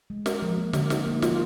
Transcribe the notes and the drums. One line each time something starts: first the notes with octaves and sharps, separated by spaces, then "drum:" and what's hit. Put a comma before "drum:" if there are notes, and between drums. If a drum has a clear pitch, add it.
G#3
A#4, drum: snare
F3
A#3
D3, drum: snare
D#4, drum: snare
A#3
F4, drum: snare